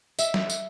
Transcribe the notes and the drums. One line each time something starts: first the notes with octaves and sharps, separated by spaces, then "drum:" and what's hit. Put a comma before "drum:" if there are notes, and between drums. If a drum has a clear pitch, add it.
E5, drum: tambourine
drum: snare
drum: tambourine